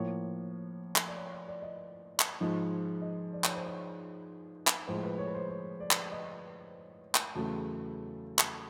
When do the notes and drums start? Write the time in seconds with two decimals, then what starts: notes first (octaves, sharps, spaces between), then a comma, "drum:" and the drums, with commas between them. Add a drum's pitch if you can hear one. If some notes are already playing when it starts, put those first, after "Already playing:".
Already playing: A2 F3 A#3 C#5
0.96 drum: clap
1.07 D5
1.16 C#5
1.31 D5
1.48 D5
1.62 D#5
2.19 drum: clap
2.40 G#2 F3 G#3
3.02 D#5
3.33 D5
3.44 C#5, drum: clap
3.55 C5
3.66 C#5
4.67 drum: clap
4.87 A2 F3 G#3 C5
5.03 B4
5.18 C#5
5.28 B4
5.34 C5
5.49 C#5
5.80 D5
5.91 drum: clap
6.12 D#5
7.15 drum: clap
7.35 E2 C#3 F#3 A3 A5
8.38 drum: clap